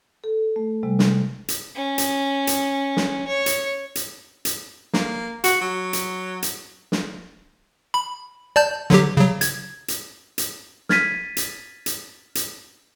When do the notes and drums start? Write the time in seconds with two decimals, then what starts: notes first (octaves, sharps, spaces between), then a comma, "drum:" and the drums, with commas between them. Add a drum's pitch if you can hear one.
0.24 A4
0.56 A3
0.83 C3 G3 G#3
0.99 drum: snare
1.48 drum: hi-hat
1.75 C#4
1.98 drum: hi-hat
2.47 drum: hi-hat
2.97 drum: snare
3.27 C#5
3.46 drum: hi-hat
3.95 drum: hi-hat
4.45 drum: hi-hat
4.93 A#3, drum: snare
5.44 F#4, drum: hi-hat
5.61 F#3
5.93 drum: hi-hat
6.42 drum: hi-hat
6.92 drum: snare
7.94 B5
8.56 D5 A5 G6
8.90 D3 F#3 G4, drum: snare
9.17 C#3 F#3
9.41 G#6, drum: hi-hat
9.88 drum: hi-hat
10.38 drum: hi-hat
10.89 F6 G#6 A6 B6 D#7, drum: snare
11.37 drum: hi-hat
11.86 drum: hi-hat
12.35 drum: hi-hat